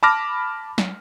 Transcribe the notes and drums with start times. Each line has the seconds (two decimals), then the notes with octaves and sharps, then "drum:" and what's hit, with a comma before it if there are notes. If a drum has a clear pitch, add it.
0.03 A5 B5 D6 F6 A#6
0.78 drum: snare